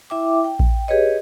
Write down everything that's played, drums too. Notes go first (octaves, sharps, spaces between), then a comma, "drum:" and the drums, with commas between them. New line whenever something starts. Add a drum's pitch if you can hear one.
E4 E5 G5 D6
G5
drum: kick A#1
G4 G#4 B4 C#5 D#5